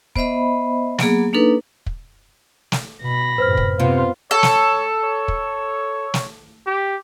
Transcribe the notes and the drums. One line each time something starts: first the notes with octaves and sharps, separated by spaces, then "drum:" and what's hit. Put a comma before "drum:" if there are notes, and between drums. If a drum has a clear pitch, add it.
B3 C5 D#5 E5 B5, drum: kick
F#3 A#3 B3 G#4, drum: snare
A#3 D4 D#4 A4 B4
drum: kick
drum: snare
B2 B5 A#6
F#2 A2 C3 B4 C5 F6
drum: kick
C3 B3 F4
A4 C#5
drum: snare
C#5
drum: kick
drum: snare
G4